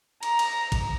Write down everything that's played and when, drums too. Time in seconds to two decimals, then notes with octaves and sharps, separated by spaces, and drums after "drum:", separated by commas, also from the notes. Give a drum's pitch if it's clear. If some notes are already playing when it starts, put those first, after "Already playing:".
0.23 A#5, drum: cymbal
0.39 drum: cymbal
0.72 drum: kick, cymbal